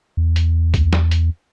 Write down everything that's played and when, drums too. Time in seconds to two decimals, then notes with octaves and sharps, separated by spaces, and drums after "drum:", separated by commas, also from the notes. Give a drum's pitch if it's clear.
0.17 E2
0.36 drum: hi-hat
0.74 drum: kick C2, hi-hat
0.93 drum: snare
1.11 drum: hi-hat